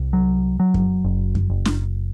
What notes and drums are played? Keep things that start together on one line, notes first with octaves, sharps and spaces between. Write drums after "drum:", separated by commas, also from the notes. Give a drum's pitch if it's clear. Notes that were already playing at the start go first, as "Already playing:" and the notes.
Already playing: C2
F#3
F#3
drum: kick F#2
F#1
drum: kick F#2
F#1
drum: snare